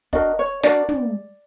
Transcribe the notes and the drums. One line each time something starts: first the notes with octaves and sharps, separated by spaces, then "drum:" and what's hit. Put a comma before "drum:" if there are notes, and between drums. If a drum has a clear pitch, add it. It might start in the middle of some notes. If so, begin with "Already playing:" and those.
D4 F#4 A#4 D#5, drum: kick
C#5
D4 F#4 A#4 D5, drum: snare
drum: tom